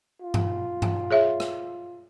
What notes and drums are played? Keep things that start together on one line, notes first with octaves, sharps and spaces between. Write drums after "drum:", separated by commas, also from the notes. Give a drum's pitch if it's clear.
F4
drum: tom G2
drum: tom G2
G#4 C#5 E5
drum: rim click